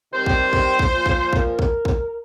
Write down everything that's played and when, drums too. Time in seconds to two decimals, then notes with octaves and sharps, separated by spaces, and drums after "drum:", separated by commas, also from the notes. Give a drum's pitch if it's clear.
0.13 C3 D#3 G3 C5
0.26 drum: kick
0.53 drum: kick
0.79 drum: kick
0.92 A#2 F3
1.06 drum: kick
1.33 A#4, drum: kick
1.59 drum: kick
1.85 drum: kick